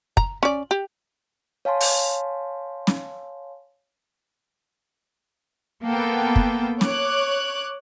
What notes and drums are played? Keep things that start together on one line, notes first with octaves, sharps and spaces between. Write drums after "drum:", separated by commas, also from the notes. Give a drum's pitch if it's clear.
A#5, drum: kick
C#4 D5
G4
C#5 F5 G#5 A5 C6
drum: open hi-hat
drum: snare
A#3 B3 A4 G5
drum: kick
C#5 D6 F#6, drum: snare